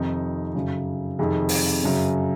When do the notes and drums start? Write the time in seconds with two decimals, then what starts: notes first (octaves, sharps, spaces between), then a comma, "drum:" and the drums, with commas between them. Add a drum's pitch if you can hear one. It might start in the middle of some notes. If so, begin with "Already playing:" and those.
Already playing: F2 C3 D#3 D#4
0.55 F#2 C#3
1.19 F2 C3 D#3 G#4
1.49 drum: open hi-hat
1.83 F#2 C#3